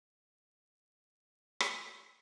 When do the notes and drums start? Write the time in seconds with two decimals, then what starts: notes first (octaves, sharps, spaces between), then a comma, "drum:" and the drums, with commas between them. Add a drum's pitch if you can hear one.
0.16 B3
0.63 C2
1.60 drum: rim click
1.81 D4